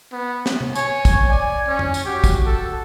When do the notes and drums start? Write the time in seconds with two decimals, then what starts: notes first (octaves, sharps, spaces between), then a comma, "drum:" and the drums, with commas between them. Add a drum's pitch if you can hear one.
0.12 B3
0.46 drum: snare
0.61 drum: tom C3
0.75 C#5 G#5, drum: tambourine
1.05 drum: kick, tambourine
1.29 D5 G#5
1.67 C#4
1.79 drum: tom F2
1.94 drum: tambourine
2.05 F#4 G4
2.24 drum: kick, tambourine
2.46 A4